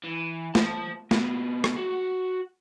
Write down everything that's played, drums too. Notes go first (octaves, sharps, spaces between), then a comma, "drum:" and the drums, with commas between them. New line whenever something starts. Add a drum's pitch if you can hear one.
E3
C5 A5, drum: snare
C3 B3, drum: snare
drum: rim click
F#4